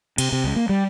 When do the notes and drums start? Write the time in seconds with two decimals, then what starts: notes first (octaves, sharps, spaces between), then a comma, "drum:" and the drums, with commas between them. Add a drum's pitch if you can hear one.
0.18 C3, drum: cymbal
0.32 C3
0.44 C#2
0.56 A#3
0.69 G3